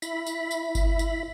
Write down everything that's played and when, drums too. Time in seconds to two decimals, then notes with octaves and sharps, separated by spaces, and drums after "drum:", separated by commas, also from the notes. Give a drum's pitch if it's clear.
0.02 E4 B5, drum: tambourine
0.26 drum: tambourine
0.51 drum: tambourine
0.75 drum: kick G1, tambourine
0.99 drum: tambourine